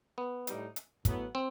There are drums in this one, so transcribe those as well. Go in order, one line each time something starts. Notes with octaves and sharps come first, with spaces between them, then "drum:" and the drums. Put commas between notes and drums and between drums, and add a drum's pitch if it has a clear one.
B3
A2 G3 D#4, drum: hi-hat
drum: hi-hat
A2 F#3 B3 E4, drum: kick, hi-hat
C4